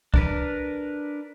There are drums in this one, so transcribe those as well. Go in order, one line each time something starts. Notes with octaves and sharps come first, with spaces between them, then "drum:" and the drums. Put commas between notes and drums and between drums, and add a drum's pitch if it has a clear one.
D4 A#4 B4, drum: kick